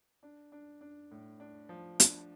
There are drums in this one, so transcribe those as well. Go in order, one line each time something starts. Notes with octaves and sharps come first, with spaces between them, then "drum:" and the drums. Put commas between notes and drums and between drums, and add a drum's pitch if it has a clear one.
D4
D4
D4
A2
D4
F3
D4, drum: hi-hat